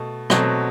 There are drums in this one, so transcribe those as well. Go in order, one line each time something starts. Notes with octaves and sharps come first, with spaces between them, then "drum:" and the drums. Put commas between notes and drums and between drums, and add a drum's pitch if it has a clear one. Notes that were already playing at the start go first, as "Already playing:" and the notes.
Already playing: B2 A3
B2 F#3 A3 C4, drum: rim click